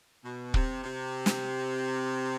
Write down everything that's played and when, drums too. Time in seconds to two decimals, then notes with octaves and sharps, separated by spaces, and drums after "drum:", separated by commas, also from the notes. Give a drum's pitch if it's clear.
0.24 B2
0.54 C3, drum: kick
0.84 C3
1.26 drum: snare